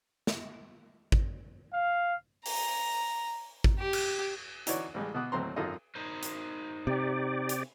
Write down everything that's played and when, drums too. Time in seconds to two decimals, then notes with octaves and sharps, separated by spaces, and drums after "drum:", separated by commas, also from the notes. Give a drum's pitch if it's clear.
0.27 drum: snare
1.12 drum: kick G#1
1.73 F5
2.46 A#5, drum: open hi-hat
3.64 drum: kick G#1
3.79 G4
3.93 drum: cymbal
4.67 E3 D#4 F#4 C#5 D5, drum: hi-hat
4.94 A1 G3 G#3
5.14 B2 F#4 D6 D#6 F#6
5.32 D#2 A2 F#3 C4 A#5 C6
5.56 G#1 F#2 D#4 F4 A4 D#5
5.95 D#4 A#4 C5
6.23 drum: hi-hat
6.87 C3 G4 D5
7.49 drum: hi-hat